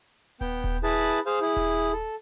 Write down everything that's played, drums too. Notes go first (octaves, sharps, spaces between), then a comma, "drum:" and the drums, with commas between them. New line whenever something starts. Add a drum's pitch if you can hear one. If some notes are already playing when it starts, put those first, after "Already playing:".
B3 G5, drum: kick D#1
drum: kick D#1
E4 G#4 B4 A5
G#4 C5 F5
E4 G#4
drum: kick D#1
A4